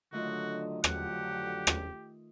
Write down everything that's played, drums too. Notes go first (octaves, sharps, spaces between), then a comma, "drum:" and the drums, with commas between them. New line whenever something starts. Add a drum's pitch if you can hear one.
D3 D#3 F#3 A3 F4 F#4 D#5
F2 D3 F#3 G4 F#5, drum: rim click
drum: rim click